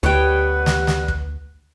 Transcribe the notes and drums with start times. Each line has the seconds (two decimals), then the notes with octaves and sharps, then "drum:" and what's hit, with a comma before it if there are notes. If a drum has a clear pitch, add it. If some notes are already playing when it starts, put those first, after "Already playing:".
0.03 D2 G3 B3 F#4 B4 C#5 G5
0.66 drum: snare
0.87 drum: snare
1.08 drum: kick